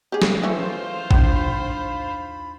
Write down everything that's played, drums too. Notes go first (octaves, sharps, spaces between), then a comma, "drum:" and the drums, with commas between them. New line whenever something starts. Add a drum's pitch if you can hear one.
G4 G#4
drum: snare
E3 A3 C#4 F4 C5
D#2 D4 B5 G6, drum: kick